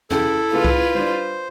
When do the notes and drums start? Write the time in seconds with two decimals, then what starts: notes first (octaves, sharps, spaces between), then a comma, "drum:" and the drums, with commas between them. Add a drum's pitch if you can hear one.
0.11 C#2 C#3 E4 A4 G5, drum: tom E2
0.53 A2 C#3 F4 B4
0.65 drum: kick C2
0.95 G3 D4 C5